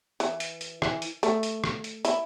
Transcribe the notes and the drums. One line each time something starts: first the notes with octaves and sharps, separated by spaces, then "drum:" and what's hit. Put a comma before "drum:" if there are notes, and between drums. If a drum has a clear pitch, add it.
E3, drum: hi-hat
drum: hi-hat
drum: hi-hat
E3, drum: rim click
drum: hi-hat
A3, drum: hi-hat
drum: hi-hat
drum: rim click
drum: hi-hat
E4, drum: hi-hat